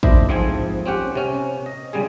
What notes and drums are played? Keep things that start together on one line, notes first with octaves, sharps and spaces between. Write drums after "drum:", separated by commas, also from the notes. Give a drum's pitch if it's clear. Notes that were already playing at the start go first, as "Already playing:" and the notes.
D4 E4 C5 D#5 E5, drum: kick
G#2 F3 C4 A4 G#5
C4 C#4 G4 F#5
C3 C#4
D#5
C#3 G3 G#3 G#4